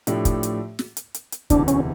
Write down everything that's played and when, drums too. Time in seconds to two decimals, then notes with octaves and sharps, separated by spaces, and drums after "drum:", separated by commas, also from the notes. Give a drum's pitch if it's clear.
0.07 A2 F3 A3 D4 G4, drum: hi-hat
0.25 drum: kick, hi-hat
0.43 drum: hi-hat
0.79 drum: snare
0.97 drum: hi-hat
1.14 drum: hi-hat
1.32 drum: hi-hat
1.50 E1 D2 C3 E3 D4, drum: kick, hi-hat
1.68 C#4, drum: hi-hat